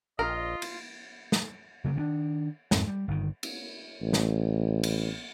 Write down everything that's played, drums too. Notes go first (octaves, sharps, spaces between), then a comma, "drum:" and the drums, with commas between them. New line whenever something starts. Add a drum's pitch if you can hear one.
A#1 F4 A#4 D#5
drum: cymbal
drum: snare
C#3 F#3 A#3
D#3 C4 D4
F2 G#2 C4, drum: snare
G3
G1 D#3
drum: cymbal
A1
drum: snare
drum: cymbal